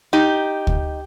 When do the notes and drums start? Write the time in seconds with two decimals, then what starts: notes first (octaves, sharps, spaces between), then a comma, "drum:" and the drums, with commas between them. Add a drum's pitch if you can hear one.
0.13 D#4 G4
0.67 drum: kick